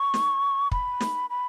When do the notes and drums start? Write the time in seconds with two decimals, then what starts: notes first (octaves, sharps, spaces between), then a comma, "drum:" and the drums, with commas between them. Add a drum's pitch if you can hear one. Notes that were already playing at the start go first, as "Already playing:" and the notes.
Already playing: C#6
0.14 drum: snare
0.71 B5, drum: kick
1.00 drum: snare
1.30 B5